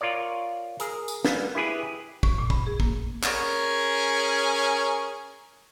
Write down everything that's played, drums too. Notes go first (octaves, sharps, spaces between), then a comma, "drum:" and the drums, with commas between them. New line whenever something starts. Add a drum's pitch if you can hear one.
F4 A#4 C#5 D5
G#4 A#4, drum: hi-hat
drum: tambourine
G3 A#3 B3, drum: snare
E4 G4 G#4 B4
C#6, drum: kick
A#2
B5, drum: kick
G#4
A#3, drum: kick
C#4 G#4 A#4, drum: clap